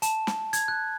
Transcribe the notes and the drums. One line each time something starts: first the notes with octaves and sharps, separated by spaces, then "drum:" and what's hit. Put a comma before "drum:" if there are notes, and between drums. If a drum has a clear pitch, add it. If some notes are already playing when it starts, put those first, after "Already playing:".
A5, drum: hi-hat
drum: snare
G#6, drum: hi-hat
F#6